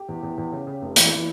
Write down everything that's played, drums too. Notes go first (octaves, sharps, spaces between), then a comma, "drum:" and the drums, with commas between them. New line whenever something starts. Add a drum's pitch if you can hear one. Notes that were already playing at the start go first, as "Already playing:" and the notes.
Already playing: G4
E2
E2
E2
C#3
C#3
F1
E3, drum: hi-hat
E3